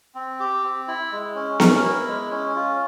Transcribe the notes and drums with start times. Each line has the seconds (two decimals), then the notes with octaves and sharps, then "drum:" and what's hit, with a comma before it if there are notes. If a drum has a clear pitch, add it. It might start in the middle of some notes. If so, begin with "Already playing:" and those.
0.15 C4
0.40 G4
0.64 C4
0.88 E4
1.12 G#3
1.35 C#4
1.60 A#4, drum: snare B3
1.84 E4
2.07 G#3
2.31 C#4
2.56 F4